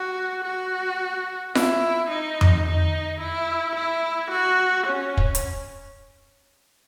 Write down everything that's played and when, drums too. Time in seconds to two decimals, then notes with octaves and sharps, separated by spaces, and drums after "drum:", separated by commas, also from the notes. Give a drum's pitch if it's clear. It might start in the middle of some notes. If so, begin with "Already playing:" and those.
Already playing: F#4
0.44 F#4
1.55 E4, drum: snare F4
2.10 D#4
2.41 drum: tom F2
2.66 D#4
3.21 E4
3.76 E4
4.31 F#4
4.87 C#4
5.17 drum: kick
5.35 drum: hi-hat